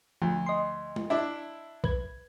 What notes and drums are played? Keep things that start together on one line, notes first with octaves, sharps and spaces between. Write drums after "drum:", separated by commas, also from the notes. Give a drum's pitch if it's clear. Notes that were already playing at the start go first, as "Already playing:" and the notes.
D2 F3
D#5 C6
drum: tom G#3
D4 E4
B4 G#6, drum: kick